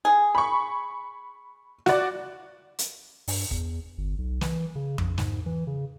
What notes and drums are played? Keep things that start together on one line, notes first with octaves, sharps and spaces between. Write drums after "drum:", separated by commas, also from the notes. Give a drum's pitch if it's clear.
G#4
B5 C#6
F#4 D5, drum: snare
drum: hi-hat
G2, drum: open hi-hat
E2, drum: kick
G1
B1
E3, drum: snare
C#3
A#1, drum: tom F2
G#2, drum: snare
E3
C#3